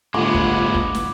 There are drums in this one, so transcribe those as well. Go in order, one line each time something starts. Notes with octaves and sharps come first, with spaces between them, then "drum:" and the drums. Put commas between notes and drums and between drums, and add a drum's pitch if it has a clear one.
G1 A2 G#3 A3 B3 F4 D6
drum: kick
drum: kick
drum: snare